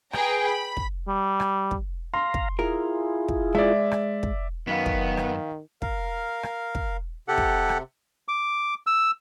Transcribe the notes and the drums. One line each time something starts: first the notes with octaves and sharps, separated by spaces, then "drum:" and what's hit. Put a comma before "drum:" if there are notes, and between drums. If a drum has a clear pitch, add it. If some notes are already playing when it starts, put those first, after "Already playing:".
G#4 B4 G5 A#5, drum: rim click
B5
drum: kick
G3
drum: rim click
drum: kick
F5 A#5 C6
drum: kick
E4 F4 G#4 A#4
drum: kick
G#3 D5 E5
drum: rim click
drum: kick
F#2 D#3 B3 F5 B6
drum: kick
drum: rim click
A#4 F5, drum: kick
drum: rim click
drum: kick
C3 G4 A4 F#5
drum: kick
drum: rim click
D6
E6